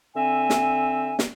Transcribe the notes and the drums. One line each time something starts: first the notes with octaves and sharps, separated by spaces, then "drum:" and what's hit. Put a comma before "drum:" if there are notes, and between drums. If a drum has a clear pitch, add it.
D3 C4 E5 G#5
drum: snare
drum: snare